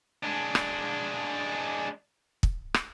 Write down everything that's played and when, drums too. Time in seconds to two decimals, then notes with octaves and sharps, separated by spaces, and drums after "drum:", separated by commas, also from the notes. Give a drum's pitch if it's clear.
0.24 G#3 D4
0.55 drum: rim click
2.43 drum: kick
2.74 drum: rim click